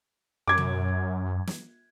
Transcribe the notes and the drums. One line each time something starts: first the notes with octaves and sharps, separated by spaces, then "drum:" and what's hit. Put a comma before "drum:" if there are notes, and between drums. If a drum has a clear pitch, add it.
F#2 D6 G#6
drum: tom
drum: snare